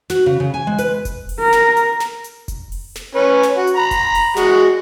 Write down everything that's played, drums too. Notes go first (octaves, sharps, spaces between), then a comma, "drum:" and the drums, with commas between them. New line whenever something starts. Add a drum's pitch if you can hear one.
F#4, drum: snare
C#3
C#3
G#5
G#3
B4, drum: hi-hat
drum: kick F1, hi-hat
drum: open hi-hat
A#4
drum: snare
drum: hi-hat
drum: snare
drum: hi-hat
drum: kick F1, hi-hat
drum: open hi-hat
drum: snare
C#4 B4
drum: snare
F#4
drum: hi-hat
A#5 B5
drum: kick F1, hi-hat
drum: open hi-hat
G#3 F#4, drum: snare